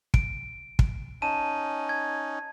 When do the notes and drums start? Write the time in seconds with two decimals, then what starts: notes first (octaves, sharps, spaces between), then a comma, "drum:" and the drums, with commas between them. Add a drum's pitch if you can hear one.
0.14 D7, drum: kick
0.79 drum: kick
1.22 C#4 D#4 A5 D#7
1.89 G#6